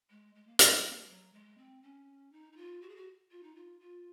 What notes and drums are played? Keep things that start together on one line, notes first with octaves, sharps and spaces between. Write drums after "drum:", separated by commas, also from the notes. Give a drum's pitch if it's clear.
G#3
G#3
A#3
A#3, drum: hi-hat
C4
A#3
G#3
F#3
G#3
C4
C#4
D#4
D#4
F4
F#4
G#4
F#4
F4
D#4
F4
F4